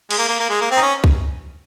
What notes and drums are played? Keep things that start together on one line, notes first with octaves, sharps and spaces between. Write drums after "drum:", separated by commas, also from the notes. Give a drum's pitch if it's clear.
G#3, drum: cymbal
A#3
A#3
A#3
G#3
A#3
C4
D#4
C#4
drum: kick C2